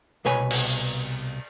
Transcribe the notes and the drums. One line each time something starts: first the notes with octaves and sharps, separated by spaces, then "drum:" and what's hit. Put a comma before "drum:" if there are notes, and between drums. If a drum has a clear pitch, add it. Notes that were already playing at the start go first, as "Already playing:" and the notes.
C2 B2 B4 C#5 G#5
drum: cymbal